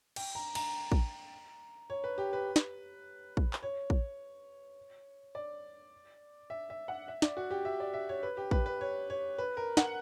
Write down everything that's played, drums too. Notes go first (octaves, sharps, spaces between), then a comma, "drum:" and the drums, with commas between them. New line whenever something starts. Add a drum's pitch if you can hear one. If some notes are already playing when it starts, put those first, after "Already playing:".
G5, drum: cymbal
A#5
A#5, drum: cymbal
drum: kick
C#5
B4
G4
B4
drum: snare
drum: kick
drum: clap
C#5
drum: kick
D5
E5
E5
F#5
E5
D5, drum: snare
F#4
G4
E5
D5
E5
C#5
B4
G4
B4, drum: kick
B4
C#5
C#5
B4
A#4
F#5, drum: snare